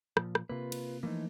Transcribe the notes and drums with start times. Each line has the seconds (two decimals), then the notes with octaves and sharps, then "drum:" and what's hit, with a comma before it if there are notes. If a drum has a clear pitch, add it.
0.17 A#2 F3, drum: rim click
0.35 drum: rim click
0.49 C3 A#3 F4 B4
0.72 drum: cymbal
1.03 E3 F3 A3 A#3 D#4